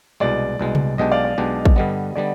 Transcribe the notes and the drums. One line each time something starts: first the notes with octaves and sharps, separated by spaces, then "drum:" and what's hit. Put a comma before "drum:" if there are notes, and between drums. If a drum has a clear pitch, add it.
C2 B2 G#3 D5
C2 B2 G#3
drum: tom C3
B1 B2 G#3 D4 G4 D#5
D5 F5
D5
B1 B2 G#3 D4 G4
drum: kick
G2 D3 G3 B3 D#5
D3 G3 B3 D5